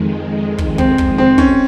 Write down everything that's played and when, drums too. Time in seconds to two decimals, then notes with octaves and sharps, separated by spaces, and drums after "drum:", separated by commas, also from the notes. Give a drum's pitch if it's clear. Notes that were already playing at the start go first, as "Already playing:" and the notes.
Already playing: F2 D#3 G#3
0.58 drum: kick
0.78 C4, drum: kick
0.98 drum: kick
1.18 C4
1.38 C#4, drum: kick